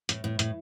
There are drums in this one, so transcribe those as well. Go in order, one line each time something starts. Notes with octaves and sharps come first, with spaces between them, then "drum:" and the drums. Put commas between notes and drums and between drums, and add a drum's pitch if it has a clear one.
A2, drum: hi-hat
A2
A2, drum: hi-hat